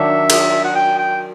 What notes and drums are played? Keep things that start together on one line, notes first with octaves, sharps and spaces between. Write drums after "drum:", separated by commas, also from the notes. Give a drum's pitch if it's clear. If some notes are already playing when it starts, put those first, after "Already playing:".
Already playing: D#3 F#3 D4 E5
drum: cymbal
F#5
G5
G5